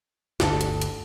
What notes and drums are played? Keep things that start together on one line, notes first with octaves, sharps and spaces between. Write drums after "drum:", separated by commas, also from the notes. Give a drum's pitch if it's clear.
G1 D2 D4 G4 A4, drum: snare
drum: hi-hat
drum: hi-hat